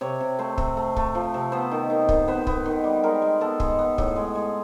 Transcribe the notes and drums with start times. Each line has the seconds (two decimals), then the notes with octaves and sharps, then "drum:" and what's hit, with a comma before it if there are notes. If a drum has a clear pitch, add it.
0.01 C3 C#5
0.20 C3
0.39 A3 C5
0.58 C3, drum: kick
0.77 A3
0.96 A3, drum: kick
1.15 F3
1.34 C3
1.52 B3 C5
1.71 D#3
1.90 D#3
2.09 D#3, drum: kick
2.28 B3 C5
2.47 B3, drum: kick
2.66 D#3
2.84 G3
3.03 G#3 A#4
3.22 G#3
3.40 B3 A4
3.60 G#3, drum: kick
3.79 B3
3.98 A2, drum: kick
4.16 G#3
4.35 G#3